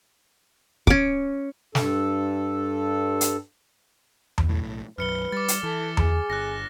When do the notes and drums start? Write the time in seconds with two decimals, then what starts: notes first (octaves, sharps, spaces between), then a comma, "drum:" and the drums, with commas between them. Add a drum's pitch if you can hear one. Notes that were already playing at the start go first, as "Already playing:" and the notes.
0.87 C#4 D6, drum: kick
1.75 G2 A4, drum: snare
3.21 drum: hi-hat
4.38 drum: tom E2
4.48 B1 A2
4.98 B1 F#2 B4 F6 C#7 G7
5.32 G3 D6 A6
5.48 drum: hi-hat
5.63 E3 A4
5.97 G#4, drum: tom E2
6.30 G1 F#6 A#6